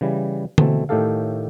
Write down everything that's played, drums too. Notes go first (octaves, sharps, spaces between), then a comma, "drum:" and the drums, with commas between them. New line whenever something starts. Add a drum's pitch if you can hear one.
C#3 E3 G3
B2 E3 A3 C4, drum: tom D3
A2 D#3 A3 G4 A4 F5